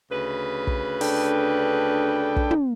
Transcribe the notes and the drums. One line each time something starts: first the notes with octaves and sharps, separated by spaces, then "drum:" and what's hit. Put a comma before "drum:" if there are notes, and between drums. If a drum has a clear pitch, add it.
D2 C#3 B4
drum: kick
D4 A4 G5, drum: open hi-hat
drum: kick
drum: tom